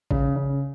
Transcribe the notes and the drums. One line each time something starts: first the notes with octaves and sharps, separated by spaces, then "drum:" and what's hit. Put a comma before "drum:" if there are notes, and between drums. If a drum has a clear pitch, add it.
C#3, drum: kick A1
C#3